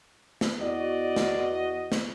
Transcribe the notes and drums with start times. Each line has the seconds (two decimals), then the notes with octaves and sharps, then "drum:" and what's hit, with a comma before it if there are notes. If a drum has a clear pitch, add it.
0.41 drum: snare
0.60 E2 F#4 D5 D#5
1.16 drum: snare
1.92 drum: snare